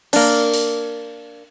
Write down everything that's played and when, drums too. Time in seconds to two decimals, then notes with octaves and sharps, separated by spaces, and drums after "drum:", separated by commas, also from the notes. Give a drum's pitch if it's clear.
0.13 A#3 D4, drum: cymbal
0.54 drum: open hi-hat